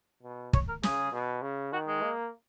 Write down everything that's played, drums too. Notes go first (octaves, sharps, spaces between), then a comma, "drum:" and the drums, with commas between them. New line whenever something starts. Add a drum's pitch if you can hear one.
B2
C#5, drum: kick
A#4
C#3 G#4, drum: snare
B2
C#3
D#3 F#4
G#3
A#3